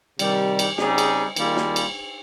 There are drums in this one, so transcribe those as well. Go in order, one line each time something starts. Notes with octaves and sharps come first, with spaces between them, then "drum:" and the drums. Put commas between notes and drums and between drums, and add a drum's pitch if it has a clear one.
C3 D#3 G3, drum: cymbal
drum: cymbal
C#3 G3 C4 D#4 G#4, drum: snare
drum: cymbal
D#3 G3 A#3 F4 G#4, drum: cymbal
drum: snare
drum: cymbal